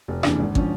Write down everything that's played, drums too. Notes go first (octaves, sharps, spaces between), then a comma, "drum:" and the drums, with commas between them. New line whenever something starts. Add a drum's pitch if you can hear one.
F1
D#2 C#3 E3 D4, drum: rim click
G#1 D4
D3 F3 C#4, drum: kick